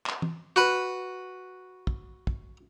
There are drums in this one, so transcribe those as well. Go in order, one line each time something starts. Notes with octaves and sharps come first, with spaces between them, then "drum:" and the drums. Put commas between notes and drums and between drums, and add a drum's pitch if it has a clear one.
drum: clap
drum: tom E3
F#4 B4
drum: kick
drum: kick